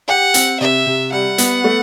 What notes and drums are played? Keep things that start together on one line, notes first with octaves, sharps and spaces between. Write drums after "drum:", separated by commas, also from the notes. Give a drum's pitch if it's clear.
G4 F#5
C4, drum: hi-hat
C3 E5
C3
G3 F#5
B3, drum: hi-hat
A3